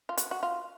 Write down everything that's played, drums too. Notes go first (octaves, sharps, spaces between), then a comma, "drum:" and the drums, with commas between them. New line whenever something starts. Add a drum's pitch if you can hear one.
F4
F#4, drum: hi-hat
F#4
F4